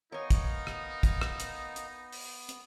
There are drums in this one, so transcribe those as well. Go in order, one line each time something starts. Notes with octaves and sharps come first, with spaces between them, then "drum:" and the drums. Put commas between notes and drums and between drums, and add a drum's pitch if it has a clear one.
B3 D#4 A#4 C#5 D#5 F5 G#5
drum: kick, hi-hat
drum: rim click
drum: kick, hi-hat
drum: rim click
drum: hi-hat
drum: hi-hat
drum: open hi-hat
drum: hi-hat